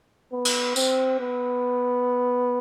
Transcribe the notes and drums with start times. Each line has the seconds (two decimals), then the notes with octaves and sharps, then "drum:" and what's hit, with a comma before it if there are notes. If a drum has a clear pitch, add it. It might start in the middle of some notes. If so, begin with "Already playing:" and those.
0.32 B3
0.45 drum: cymbal
0.76 C4, drum: tambourine
1.20 B3